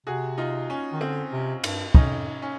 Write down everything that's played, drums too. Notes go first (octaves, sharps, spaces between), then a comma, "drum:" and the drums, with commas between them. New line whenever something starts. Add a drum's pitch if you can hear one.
C3 F#4 G#4
D#4 F4
C#4
D#3
D3 C4
C3
G2, drum: cymbal
F2 C#4 D#4, drum: kick
C#4